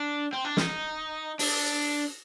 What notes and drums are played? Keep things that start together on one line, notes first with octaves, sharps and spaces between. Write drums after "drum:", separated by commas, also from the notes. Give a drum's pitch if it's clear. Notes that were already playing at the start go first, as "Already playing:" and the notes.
Already playing: D4
C4
D4
D#4, drum: snare
D4, drum: open hi-hat